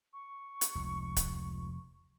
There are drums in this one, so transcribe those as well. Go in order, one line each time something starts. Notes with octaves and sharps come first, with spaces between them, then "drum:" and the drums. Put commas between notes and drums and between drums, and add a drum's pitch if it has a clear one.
C#6
drum: hi-hat
F1 C#2
drum: kick, hi-hat